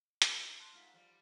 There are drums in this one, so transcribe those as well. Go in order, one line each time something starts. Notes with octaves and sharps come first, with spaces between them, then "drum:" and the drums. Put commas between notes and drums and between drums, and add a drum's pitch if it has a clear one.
A#2 D3 F#3, drum: hi-hat
D#4
A5 C6 F#6
G#2 A3 F4 F6 B6
F3 G3